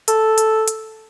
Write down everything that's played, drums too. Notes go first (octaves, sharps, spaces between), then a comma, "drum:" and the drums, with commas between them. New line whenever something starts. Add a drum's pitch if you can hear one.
A4, drum: hi-hat
drum: hi-hat
drum: hi-hat